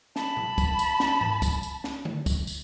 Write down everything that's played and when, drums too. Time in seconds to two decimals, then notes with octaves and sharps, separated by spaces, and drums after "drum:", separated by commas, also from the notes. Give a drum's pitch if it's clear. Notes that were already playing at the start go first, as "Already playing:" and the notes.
0.16 A5 B5, drum: snare
0.37 drum: tom A#2
0.58 drum: kick, tambourine
0.79 drum: tambourine
1.00 drum: snare
1.21 drum: tom G#2
1.42 drum: kick, tambourine
1.63 drum: tambourine
1.84 drum: snare
2.05 drum: tom D3
2.26 drum: kick, tambourine
2.47 drum: tambourine